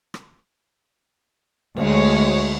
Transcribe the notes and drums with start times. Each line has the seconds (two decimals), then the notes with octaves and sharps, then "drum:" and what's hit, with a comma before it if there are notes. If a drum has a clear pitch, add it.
0.14 drum: rim click
1.77 D2 G#3 C#5, drum: cymbal